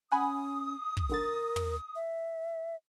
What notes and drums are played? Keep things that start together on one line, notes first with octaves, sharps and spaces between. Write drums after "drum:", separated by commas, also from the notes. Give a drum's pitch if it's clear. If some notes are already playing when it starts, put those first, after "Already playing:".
C#4 F#5 G#5 B5 D#6
drum: kick
B1 D3 A#4 A6
drum: tom
E5